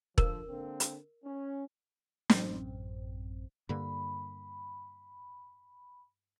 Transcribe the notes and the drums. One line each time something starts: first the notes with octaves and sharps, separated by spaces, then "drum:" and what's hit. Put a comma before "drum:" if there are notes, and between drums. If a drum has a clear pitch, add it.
D3 F3 A#4, drum: kick E1
D3 A#3 C4
drum: hi-hat
C#4
A1 F#2 C4, drum: snare
G2 D3 A#3 B5